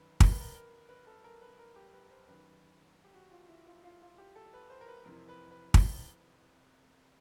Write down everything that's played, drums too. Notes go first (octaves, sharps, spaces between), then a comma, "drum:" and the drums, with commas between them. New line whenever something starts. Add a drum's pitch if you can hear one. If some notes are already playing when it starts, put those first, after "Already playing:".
Already playing: F#2 D#3 B4
A#4, drum: kick
B4
A#4
A#4
B4
A4
A#4
B4
A#4
G4
B4
C5
F#2 D#3 B4
G4
F#4
F4
E4
F4
F4
F4
G4
A4
B4
C5
A#4
B4
F2 C3 E3 A#4
B4
B4
drum: kick